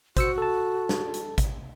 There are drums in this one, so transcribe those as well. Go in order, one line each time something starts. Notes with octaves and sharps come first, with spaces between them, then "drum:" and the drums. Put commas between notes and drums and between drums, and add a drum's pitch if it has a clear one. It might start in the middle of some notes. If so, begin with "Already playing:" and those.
F#4 C5 E6 C#7, drum: kick G#1, hi-hat
A4 A5
drum: snare
drum: hi-hat
drum: kick G#1, hi-hat